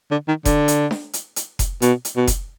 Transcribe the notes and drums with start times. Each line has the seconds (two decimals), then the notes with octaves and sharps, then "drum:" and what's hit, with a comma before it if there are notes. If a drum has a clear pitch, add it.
0.11 D3
0.28 D#3
0.45 D3, drum: kick F1, hi-hat
0.68 drum: hi-hat
0.91 drum: snare D4
1.13 drum: hi-hat
1.36 drum: hi-hat
1.59 drum: kick F1, hi-hat
1.82 B2, drum: hi-hat
2.05 drum: hi-hat
2.16 B2
2.27 drum: kick F1, hi-hat